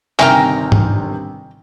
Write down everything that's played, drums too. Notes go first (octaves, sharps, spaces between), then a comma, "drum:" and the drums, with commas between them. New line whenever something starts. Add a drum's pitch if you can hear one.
G1 C3 D#3 E5 G5 G#5 A#5 F6, drum: clap
drum: tom G#2